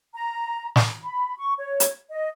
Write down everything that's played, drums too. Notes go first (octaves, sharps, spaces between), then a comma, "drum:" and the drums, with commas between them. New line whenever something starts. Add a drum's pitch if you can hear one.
A#5
drum: snare
B5
C#6
C#5
drum: hi-hat
D#5